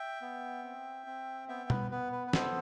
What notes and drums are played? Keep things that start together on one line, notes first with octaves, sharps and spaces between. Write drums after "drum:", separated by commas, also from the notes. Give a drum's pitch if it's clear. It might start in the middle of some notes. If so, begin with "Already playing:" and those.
Already playing: E5 G5
B3
C4
C4
B3 E5 G5
B4, drum: tom B2
B3 B4
B4
B4
B3 A4 C5, drum: snare